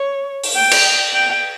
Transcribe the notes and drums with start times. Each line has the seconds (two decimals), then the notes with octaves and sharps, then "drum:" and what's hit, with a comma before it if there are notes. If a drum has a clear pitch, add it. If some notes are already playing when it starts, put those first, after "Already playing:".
Already playing: C#5
0.44 drum: open hi-hat
0.55 G5
0.71 drum: cymbal
1.13 G5